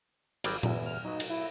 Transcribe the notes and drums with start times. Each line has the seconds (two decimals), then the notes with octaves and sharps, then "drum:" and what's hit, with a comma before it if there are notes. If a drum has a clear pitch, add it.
0.44 G#1 F#3 G3, drum: cymbal
0.63 G1 E2, drum: tom A#2
0.86 F6
1.05 F#3 D#4 B4
1.20 drum: cymbal
1.30 E4